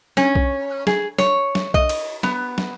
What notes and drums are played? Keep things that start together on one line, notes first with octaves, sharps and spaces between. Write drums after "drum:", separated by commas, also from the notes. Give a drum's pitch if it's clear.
C#4, drum: snare
drum: kick B1
G#4, drum: snare
C#5, drum: snare
drum: snare
D#5, drum: kick B1
drum: cymbal
B3, drum: snare
drum: snare